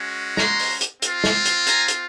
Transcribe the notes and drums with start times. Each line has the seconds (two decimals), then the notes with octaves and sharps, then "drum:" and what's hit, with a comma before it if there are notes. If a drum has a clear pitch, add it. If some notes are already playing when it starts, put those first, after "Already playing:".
Already playing: G#3 C#4 F#4
0.37 A#5 C6, drum: snare
0.59 drum: open hi-hat
0.81 drum: hi-hat
1.02 C4 F4, drum: hi-hat
1.24 drum: snare
1.45 drum: hi-hat
1.67 G#5 A#5, drum: hi-hat
1.88 drum: hi-hat